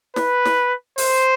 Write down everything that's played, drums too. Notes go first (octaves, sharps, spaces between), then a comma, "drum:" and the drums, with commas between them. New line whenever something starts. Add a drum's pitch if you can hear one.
B4, drum: snare
drum: snare
C5, drum: open hi-hat